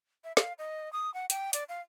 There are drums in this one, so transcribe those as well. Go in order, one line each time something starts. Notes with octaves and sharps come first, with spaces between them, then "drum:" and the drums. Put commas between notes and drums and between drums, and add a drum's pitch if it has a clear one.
E5
F5, drum: snare
D#5
D#6
F#5
G5, drum: hi-hat
D5, drum: hi-hat
F5